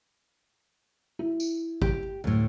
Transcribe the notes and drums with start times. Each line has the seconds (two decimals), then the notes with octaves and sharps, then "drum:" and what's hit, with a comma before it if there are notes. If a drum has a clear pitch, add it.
1.19 E4
1.40 drum: tambourine
1.82 G4, drum: kick G#1
2.24 D2 A2